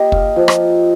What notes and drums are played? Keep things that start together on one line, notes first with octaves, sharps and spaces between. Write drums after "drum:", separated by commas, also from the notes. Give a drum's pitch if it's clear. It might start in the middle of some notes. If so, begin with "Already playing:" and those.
Already playing: A#3 G4 D#5
F5, drum: kick
F3
drum: rim click